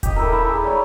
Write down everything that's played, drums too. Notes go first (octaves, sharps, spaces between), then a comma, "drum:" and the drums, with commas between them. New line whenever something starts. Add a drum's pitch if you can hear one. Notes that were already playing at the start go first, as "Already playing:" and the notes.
G4 D#5, drum: kick D#1, hi-hat
E4 A4 A#4
E4 A4 B5
G#4
G3 C#5